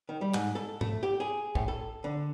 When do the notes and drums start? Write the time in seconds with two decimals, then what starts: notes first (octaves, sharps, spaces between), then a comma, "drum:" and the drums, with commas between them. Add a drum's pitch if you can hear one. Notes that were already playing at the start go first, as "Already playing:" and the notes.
0.09 D#3
0.21 G3
0.34 G#2, drum: clap
0.55 A4
0.81 A3, drum: tom
1.03 G4
1.20 G#4
1.55 A2, drum: kick
1.68 A4
2.04 D3